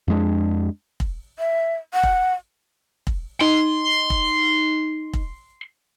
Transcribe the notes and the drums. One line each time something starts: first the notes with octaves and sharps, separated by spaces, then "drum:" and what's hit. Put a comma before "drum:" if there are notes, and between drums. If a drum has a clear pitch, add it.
F2 G#3 D4
drum: kick
E5
F#5
drum: kick
drum: kick
D#4 C6
drum: kick
drum: kick